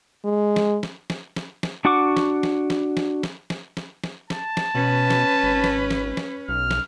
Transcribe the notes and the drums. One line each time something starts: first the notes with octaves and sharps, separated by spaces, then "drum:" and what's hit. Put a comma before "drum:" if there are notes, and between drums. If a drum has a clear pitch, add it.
G#3
drum: snare
drum: snare
drum: snare
drum: snare
drum: snare
D4 F#4 F#5 C#6 D6
drum: snare
drum: snare
drum: snare
drum: snare
drum: snare
drum: snare
drum: snare
drum: snare
A5, drum: snare
drum: snare
B2 C#4 B4
drum: snare
G#1
drum: snare
drum: snare
drum: snare
B1 F6
drum: snare